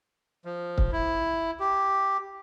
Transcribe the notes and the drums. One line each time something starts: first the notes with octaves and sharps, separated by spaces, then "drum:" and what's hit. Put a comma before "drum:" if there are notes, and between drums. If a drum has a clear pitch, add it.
F3
drum: kick C#1
E4
G4